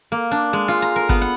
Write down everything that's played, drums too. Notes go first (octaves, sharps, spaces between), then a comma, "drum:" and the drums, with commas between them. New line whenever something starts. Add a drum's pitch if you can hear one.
A#3
D4
G#3
F4
A#5
A#4
B3, drum: kick G1
F#5